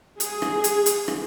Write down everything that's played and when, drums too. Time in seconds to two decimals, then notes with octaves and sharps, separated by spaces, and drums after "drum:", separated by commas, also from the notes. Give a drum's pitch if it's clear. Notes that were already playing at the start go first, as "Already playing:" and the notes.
0.20 G#4, drum: hi-hat
0.42 drum: rim click
0.64 drum: hi-hat
0.86 drum: hi-hat
1.08 drum: rim click